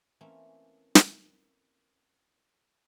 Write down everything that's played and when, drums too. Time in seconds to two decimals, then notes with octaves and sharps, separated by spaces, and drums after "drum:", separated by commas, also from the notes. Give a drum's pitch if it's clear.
0.21 E3 A3 A#3 C4 C#4
0.95 drum: snare